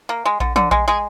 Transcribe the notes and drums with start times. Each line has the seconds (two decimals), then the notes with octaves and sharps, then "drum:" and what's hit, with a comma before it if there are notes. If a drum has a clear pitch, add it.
0.09 A#3
0.25 G#3
0.40 D3, drum: kick A#1
0.56 D3, drum: tom
0.71 G#3, drum: kick A#1
0.88 G#3 G#4